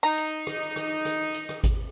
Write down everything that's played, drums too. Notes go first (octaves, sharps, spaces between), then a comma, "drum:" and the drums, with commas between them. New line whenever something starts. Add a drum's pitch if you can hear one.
D#4 A#5
drum: hi-hat
drum: rim click
drum: rim click
drum: rim click
drum: hi-hat
drum: rim click
drum: kick G#1, hi-hat